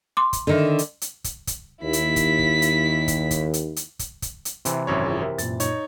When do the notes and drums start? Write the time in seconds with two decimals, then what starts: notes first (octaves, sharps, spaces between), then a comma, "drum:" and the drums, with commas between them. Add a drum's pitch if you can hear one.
0.17 C6 D6
0.33 drum: kick, hi-hat
0.47 D3 D#3 E5
0.79 drum: hi-hat
1.01 drum: hi-hat
1.24 drum: kick, hi-hat
1.47 drum: kick, hi-hat
1.82 D#2 E4 B6
1.93 drum: hi-hat
2.16 drum: kick, hi-hat
2.39 drum: kick
2.62 drum: hi-hat
3.08 drum: kick, hi-hat
3.31 drum: kick, hi-hat
3.54 drum: hi-hat
3.76 drum: hi-hat
3.99 drum: kick, hi-hat
4.22 drum: kick, hi-hat
4.45 drum: hi-hat
4.65 C3 E3, drum: hi-hat
4.87 G#1 F#2 C#5
5.06 E4 F4 G#4
5.21 G4 A#4 E5
5.38 F#2 A#2 A6, drum: hi-hat
5.60 D#4 C#5, drum: hi-hat